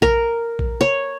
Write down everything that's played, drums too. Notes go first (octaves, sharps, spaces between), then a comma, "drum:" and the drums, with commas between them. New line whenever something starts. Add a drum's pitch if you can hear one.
A#4, drum: kick A#1
drum: kick A#1
C#5